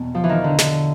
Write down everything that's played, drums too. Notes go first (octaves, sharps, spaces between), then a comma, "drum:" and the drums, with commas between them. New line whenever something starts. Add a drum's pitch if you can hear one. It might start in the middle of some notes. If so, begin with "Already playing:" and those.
Already playing: E2 B2 G3
F3
E3
D#3
D3
D3, drum: snare